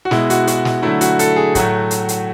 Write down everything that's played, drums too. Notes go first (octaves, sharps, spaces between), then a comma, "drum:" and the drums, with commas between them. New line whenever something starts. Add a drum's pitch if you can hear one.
F#4
B2 G#3 E4, drum: snare
F#4, drum: hi-hat
F#4, drum: hi-hat
drum: snare
D3 F#3 A3 E4
F#4, drum: hi-hat
A4, drum: hi-hat
G#4
A2 F#3 A3 F#4, drum: kick, hi-hat
drum: hi-hat
drum: hi-hat